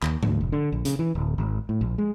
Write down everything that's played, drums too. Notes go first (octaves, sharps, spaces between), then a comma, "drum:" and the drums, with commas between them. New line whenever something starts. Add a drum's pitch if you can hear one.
D#2, drum: clap
D2, drum: tom G#2
F1
D3
A#1
C#3, drum: hi-hat
E3
D1
G#1
A2
A#1
G#3